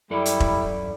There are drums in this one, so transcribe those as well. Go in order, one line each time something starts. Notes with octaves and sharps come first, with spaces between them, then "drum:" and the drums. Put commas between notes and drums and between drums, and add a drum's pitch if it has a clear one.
F#2 G3 E4 A4 D5
drum: hi-hat
drum: kick E1